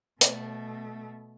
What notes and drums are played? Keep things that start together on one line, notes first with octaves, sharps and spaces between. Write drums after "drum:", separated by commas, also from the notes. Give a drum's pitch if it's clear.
B2 A3, drum: hi-hat